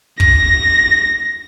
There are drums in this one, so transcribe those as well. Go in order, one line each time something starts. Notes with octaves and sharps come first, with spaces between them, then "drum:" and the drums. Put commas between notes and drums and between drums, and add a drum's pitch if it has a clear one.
A#6, drum: kick